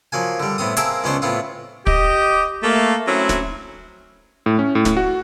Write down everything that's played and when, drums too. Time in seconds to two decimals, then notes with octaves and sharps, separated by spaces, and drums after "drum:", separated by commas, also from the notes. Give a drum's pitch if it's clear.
0.12 F3 F#3 A#3 G#5
0.40 D3 G3
0.58 A2 B3 C4 D#6
0.77 A#3 C4 G#4 A#4 E5 A5, drum: hi-hat
1.04 C#2 B3 C#4 D4 C5 C#6
1.22 A2 B3 C4 F4
1.87 G4 D#5, drum: kick
2.64 A3 A#3
3.07 F#3 A3 C4 C#4 E4
3.29 drum: snare
4.46 A2
4.59 C#4
4.75 A2
4.85 drum: snare
4.97 F#4